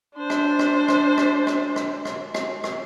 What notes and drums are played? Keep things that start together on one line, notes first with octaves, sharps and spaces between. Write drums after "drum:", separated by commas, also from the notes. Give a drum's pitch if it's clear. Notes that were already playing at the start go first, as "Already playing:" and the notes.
D4 C5
drum: rim click
drum: rim click
drum: rim click
drum: rim click
drum: rim click
drum: rim click
drum: rim click
drum: rim click
drum: rim click